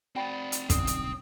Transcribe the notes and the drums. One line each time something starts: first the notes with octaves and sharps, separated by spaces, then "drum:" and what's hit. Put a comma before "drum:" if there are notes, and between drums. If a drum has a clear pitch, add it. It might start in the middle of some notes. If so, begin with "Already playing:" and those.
C4 F#4 D5 F#5 G5 B5
drum: hi-hat
D#1 B1 D3 C4 C#4 D#6, drum: kick, hi-hat
drum: hi-hat